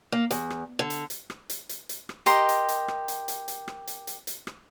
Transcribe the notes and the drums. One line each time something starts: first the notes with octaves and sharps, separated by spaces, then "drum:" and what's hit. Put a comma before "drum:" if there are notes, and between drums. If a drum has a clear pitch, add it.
A#3
E2, drum: hi-hat
drum: rim click
D3
drum: hi-hat
drum: hi-hat
drum: rim click
drum: hi-hat
drum: hi-hat
drum: hi-hat
drum: rim click
G4 A#4 D#5 C6, drum: hi-hat
drum: hi-hat
drum: hi-hat
drum: rim click
drum: hi-hat
drum: hi-hat
drum: hi-hat
drum: rim click
drum: hi-hat
drum: hi-hat
drum: hi-hat
drum: rim click